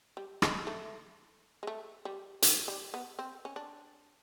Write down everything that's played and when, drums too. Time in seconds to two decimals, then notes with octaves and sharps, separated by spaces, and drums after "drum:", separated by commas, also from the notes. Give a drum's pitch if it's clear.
0.17 G3
0.42 G#3, drum: rim click
0.67 A3
1.63 G#3
1.67 A3
2.05 G3
2.42 F#3, drum: hi-hat
2.68 G3
2.94 B3
3.19 C4
3.45 C#4
3.56 D4